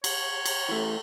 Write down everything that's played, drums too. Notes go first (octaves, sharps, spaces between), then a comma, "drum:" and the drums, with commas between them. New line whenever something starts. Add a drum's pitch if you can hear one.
C#5, drum: cymbal
drum: cymbal
E3 A3